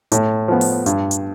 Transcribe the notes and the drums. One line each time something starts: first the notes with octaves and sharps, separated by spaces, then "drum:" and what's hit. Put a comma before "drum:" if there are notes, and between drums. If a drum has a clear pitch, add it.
A2, drum: hi-hat
F3 B3
drum: open hi-hat
G2, drum: hi-hat
drum: hi-hat